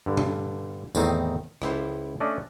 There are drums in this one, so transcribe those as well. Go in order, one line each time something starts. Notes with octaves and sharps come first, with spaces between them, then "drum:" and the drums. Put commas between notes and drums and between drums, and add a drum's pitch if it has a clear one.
G2 D3
drum: tom A#2
E2 A2 D#3 C4 D#4, drum: tambourine
C#2 E4 C5, drum: rim click
A3 C#4 D4 D5 D#5